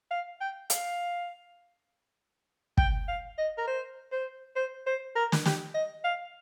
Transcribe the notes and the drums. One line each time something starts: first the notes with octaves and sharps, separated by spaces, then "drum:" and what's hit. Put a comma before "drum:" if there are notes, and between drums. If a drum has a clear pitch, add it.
F5
G5
F5, drum: hi-hat
G5, drum: kick
F5
D#5
A#4
C5
C5
C5
C5
A#4
drum: snare
G4, drum: snare
D#5
F5